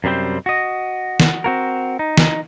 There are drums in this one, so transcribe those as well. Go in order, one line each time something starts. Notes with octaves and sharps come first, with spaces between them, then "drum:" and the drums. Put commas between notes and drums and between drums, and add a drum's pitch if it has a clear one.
F#2 C3 G3 C4 C5
F#4 D#5
drum: snare
C4 F#4 A#4
D#4
drum: snare